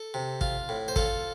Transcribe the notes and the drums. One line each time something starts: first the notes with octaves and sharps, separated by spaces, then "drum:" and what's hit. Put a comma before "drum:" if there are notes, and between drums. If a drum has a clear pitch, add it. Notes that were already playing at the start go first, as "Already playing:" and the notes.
Already playing: A4
C3
F4, drum: kick
A2
C5
F4 A4, drum: kick